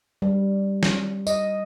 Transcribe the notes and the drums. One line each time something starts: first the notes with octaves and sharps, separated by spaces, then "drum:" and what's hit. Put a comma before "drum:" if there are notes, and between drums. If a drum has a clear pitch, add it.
G3
drum: snare
D#5, drum: tambourine